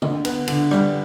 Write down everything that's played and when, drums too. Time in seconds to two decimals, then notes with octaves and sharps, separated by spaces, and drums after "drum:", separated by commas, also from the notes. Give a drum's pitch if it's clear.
0.02 D3, drum: tom
0.25 B3, drum: cymbal
0.48 D3, drum: cymbal
0.71 G3, drum: rim click